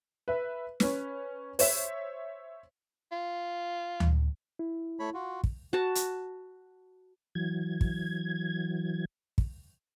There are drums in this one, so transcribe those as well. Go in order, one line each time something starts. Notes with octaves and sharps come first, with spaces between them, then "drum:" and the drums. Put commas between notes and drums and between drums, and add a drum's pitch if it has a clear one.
B4 E5
C#4 B4, drum: snare
C5 C#5 E5, drum: open hi-hat
F4
drum: tom D2
E4
A3 C#5 B5
F4 F#4
drum: kick
F#4 A5
drum: hi-hat
E3 F#3 G#6
drum: kick
drum: kick